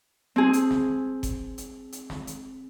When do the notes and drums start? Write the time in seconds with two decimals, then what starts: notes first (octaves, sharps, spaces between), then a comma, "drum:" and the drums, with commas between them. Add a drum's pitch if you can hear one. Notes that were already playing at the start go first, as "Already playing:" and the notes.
0.36 C4 G#4
0.53 drum: hi-hat
0.71 drum: snare
1.23 drum: kick F#1, hi-hat
1.58 drum: hi-hat
1.92 drum: hi-hat
2.10 drum: snare
2.27 drum: hi-hat